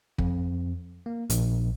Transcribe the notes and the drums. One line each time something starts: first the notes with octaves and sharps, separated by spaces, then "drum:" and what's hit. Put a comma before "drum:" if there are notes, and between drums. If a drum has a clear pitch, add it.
F2, drum: kick
A#3
A#1, drum: hi-hat